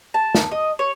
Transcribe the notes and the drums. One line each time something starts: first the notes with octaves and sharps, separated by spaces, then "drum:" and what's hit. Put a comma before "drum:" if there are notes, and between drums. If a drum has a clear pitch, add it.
A5
drum: snare
D#5
C#5